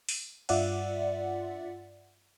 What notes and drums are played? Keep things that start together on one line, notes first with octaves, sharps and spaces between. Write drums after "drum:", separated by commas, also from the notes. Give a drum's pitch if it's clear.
drum: open hi-hat
G2 F4 D5 E5 F#5, drum: cymbal